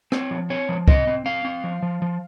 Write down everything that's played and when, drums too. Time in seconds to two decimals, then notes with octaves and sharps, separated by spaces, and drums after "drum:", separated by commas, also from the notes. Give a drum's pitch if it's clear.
0.12 C4 C#5, drum: rim click
0.31 F3
0.50 C4 C#5
0.69 F3
0.88 C4 D#5, drum: kick
1.07 C4
1.26 C4 F5
1.45 C4
1.64 F3
1.82 F3
2.02 F3